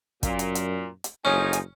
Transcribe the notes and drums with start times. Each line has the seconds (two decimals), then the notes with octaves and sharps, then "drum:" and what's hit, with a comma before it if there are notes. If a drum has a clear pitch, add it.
0.23 F#2 A#2, drum: kick, hi-hat
0.39 drum: hi-hat
0.55 drum: hi-hat
1.04 drum: hi-hat
1.25 F#1 F2 F3 C#4 D#4 G#5
1.53 drum: hi-hat